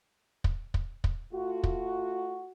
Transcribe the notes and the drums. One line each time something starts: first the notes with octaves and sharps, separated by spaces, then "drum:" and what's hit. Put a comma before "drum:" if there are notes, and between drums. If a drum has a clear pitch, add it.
drum: kick
drum: kick
drum: kick
A3 F4 F#4
drum: kick